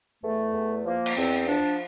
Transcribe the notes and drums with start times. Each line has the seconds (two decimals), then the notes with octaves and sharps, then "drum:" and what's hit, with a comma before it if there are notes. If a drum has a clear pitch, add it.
0.23 E2 A3
0.54 E2
0.85 F3 A#3
1.06 drum: cymbal
1.16 E2 C4
1.47 F3 D4